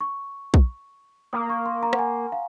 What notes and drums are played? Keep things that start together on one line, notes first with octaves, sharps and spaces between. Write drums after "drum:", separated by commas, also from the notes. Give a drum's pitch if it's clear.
C#6
drum: kick
A#3 D#6
C#6
C6
A#5
F#5, drum: rim click
G#5
F5